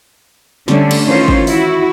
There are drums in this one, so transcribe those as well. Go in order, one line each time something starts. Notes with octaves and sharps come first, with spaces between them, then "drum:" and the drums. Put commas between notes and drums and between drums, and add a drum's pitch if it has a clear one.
D3 G3 A3 C#4 D4, drum: snare
drum: cymbal
D#3 E3 C#4 F4 C5
drum: kick G#1
E4 F#4, drum: open hi-hat